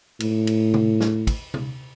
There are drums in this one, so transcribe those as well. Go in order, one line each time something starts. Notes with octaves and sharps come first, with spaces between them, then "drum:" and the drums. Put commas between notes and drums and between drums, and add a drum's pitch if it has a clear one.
A2, drum: cymbal
drum: cymbal
drum: tom C3
drum: snare
drum: kick, cymbal
drum: tom C3